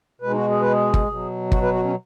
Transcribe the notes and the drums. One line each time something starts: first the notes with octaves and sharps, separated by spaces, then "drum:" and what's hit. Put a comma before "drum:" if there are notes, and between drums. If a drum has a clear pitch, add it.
B2 G#3 B4
D#4
F#4
G#4
B4
G#4
drum: kick
B2 F#3
F#4, drum: kick
B4
F#4
C#4